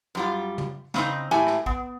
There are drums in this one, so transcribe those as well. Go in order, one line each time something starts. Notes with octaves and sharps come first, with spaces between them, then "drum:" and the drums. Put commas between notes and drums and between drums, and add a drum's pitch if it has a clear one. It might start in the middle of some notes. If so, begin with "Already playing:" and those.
F#2 G3 F4
drum: tom
C#3 C4 D#4, drum: snare
A2 G4 E5 G#5
drum: rim click
B3, drum: kick